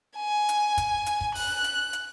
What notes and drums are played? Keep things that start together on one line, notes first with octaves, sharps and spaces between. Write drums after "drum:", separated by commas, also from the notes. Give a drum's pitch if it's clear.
G#5
drum: hi-hat
drum: kick, hi-hat
drum: hi-hat
drum: kick
F#6, drum: open hi-hat
drum: hi-hat
drum: hi-hat